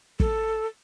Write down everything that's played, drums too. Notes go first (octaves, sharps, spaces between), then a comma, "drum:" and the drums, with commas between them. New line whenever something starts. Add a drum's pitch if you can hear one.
A4, drum: kick